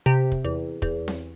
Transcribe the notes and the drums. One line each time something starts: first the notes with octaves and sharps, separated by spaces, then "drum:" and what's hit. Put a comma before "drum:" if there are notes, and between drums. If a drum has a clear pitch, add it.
C3 G4
drum: kick
E2
E2, drum: kick
drum: snare C4